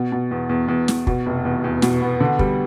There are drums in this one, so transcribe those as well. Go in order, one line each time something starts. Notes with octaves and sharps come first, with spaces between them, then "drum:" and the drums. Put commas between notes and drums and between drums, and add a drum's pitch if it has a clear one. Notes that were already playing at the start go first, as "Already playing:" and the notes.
Already playing: B2
B2
E2
E2
E2
E2, drum: snare
B2, drum: kick
F1
E2
E2
B2, drum: snare
B3
D3
G3, drum: kick